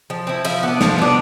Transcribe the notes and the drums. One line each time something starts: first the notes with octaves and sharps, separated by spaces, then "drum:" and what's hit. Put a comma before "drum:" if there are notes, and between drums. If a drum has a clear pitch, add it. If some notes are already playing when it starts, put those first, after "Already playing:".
F3
C4 E4
F3 E5, drum: cymbal
B3 D4
F3, drum: snare
B3 D4